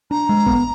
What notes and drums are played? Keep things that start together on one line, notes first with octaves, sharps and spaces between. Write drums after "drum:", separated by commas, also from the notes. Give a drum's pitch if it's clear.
D4 A#5
G#3
B3, drum: kick